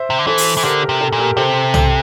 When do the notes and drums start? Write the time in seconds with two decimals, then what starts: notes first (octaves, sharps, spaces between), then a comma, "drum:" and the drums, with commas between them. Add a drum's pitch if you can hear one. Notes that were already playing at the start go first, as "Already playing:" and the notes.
Already playing: C5 E5
0.10 C3
0.18 D3
0.27 E3 A4 C5
0.38 drum: open hi-hat
0.57 E3
0.63 D3 G4 A#4
0.82 G4 A#4
0.89 C3
1.01 A4
1.12 A#2
1.18 G4 A#4
1.37 C3 A4 C5
1.74 A4, drum: tom